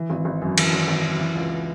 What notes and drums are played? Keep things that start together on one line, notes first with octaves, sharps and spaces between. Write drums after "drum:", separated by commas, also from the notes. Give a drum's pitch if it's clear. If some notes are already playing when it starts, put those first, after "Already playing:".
Already playing: E3
G#1
G#1
F#2
E3, drum: cymbal
G#1
G#1
F#2
E3
C#2